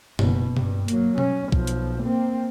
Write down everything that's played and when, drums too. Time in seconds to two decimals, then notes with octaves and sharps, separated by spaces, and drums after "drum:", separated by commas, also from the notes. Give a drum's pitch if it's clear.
0.19 F#1 B2, drum: tom F#2
0.57 G2, drum: tom B2
0.88 F#3 A#3, drum: hi-hat
1.18 C#4, drum: tom B2
1.52 B1 F3, drum: kick B1
1.67 drum: hi-hat
2.03 A#3 C4